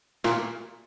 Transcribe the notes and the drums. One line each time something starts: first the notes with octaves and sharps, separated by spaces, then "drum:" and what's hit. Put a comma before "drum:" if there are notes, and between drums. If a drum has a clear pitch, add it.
A#2, drum: snare